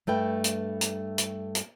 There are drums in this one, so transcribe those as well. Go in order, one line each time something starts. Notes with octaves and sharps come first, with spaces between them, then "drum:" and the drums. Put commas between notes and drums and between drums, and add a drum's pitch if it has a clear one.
G2 A3 B4 G5
drum: hi-hat
drum: hi-hat
drum: hi-hat
drum: hi-hat